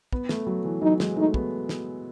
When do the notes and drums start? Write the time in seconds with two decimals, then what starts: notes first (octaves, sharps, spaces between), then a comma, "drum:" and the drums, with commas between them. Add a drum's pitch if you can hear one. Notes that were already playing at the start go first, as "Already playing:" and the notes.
0.13 B3, drum: kick
0.29 A3, drum: snare
0.47 F#3
0.65 E3
0.82 F#3 D#4
1.00 G#3, drum: snare
1.16 A3 D#4
1.34 B3, drum: kick
1.69 drum: snare